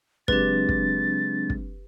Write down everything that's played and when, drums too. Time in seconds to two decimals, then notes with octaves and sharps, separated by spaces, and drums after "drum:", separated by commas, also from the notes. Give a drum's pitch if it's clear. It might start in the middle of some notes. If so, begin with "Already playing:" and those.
0.28 C#3 F#3 G#3 C4 D4 G4 B4 A6, drum: kick
0.69 drum: kick
1.50 drum: kick